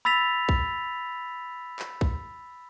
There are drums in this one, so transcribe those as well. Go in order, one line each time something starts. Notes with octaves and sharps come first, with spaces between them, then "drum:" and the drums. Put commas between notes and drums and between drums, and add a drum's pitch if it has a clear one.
B5 E6 A6 B6 F7
drum: kick
drum: clap
drum: kick